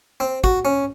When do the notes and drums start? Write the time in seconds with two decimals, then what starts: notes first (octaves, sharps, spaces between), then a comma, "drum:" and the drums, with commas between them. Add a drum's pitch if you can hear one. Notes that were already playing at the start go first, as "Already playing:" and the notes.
0.20 C4
0.44 F#4, drum: kick
0.65 C#4